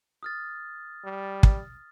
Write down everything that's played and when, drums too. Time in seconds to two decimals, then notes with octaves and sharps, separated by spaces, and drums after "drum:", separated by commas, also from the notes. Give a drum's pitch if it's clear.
0.23 D#6 F6 A6
1.05 G3
1.43 drum: kick